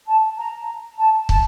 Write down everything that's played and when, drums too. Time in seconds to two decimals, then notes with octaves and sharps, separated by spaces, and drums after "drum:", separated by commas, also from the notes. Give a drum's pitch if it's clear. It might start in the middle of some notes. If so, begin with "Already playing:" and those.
0.07 A5
0.38 A#5
0.99 A5
1.29 A5, drum: kick